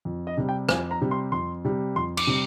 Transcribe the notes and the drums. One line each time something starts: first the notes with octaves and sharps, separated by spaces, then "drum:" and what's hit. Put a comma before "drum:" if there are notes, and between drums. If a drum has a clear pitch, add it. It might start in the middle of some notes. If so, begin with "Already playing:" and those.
F2
D#5
C3 G3
G5
F2 G#5, drum: rim click
A#5
C3 G3
C6
F2 C6
C3 G3
F2 C6
D6, drum: cymbal
C3 G3